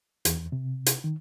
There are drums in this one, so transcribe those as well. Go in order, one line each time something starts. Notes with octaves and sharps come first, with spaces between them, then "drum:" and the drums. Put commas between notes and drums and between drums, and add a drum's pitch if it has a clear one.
E2, drum: hi-hat
C3
drum: hi-hat
D#3